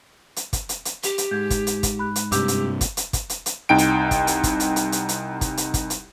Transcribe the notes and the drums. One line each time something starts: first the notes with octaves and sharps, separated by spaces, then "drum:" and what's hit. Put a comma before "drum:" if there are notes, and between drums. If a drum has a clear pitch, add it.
drum: hi-hat
drum: kick, hi-hat
drum: hi-hat
drum: hi-hat
G4, drum: hi-hat
drum: hi-hat
G#2 G6 G#6
drum: kick, hi-hat
drum: hi-hat
drum: kick, hi-hat
B5 F#6
drum: hi-hat
G2 C3 G4 D6 E6 G6, drum: hi-hat
drum: hi-hat
drum: kick, hi-hat
drum: hi-hat
drum: kick, hi-hat
drum: hi-hat
drum: hi-hat
C2 D#4 G5 D7
drum: hi-hat
drum: kick, hi-hat
drum: hi-hat
drum: kick, hi-hat
drum: hi-hat
drum: hi-hat
drum: hi-hat
drum: hi-hat
drum: kick, hi-hat
drum: hi-hat
drum: kick, hi-hat
drum: hi-hat